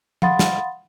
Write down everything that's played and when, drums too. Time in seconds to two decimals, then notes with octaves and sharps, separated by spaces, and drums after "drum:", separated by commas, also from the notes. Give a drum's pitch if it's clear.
0.22 F5 F#5 B5 C6 D#6 A6, drum: tom F3
0.39 drum: snare